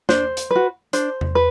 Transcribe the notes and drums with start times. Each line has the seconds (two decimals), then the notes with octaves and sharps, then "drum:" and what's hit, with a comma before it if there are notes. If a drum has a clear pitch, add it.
0.09 D4 C5, drum: snare
0.37 drum: hi-hat
0.51 F#4 B4
0.93 D4 C5, drum: hi-hat
1.21 drum: tom E2
1.35 B4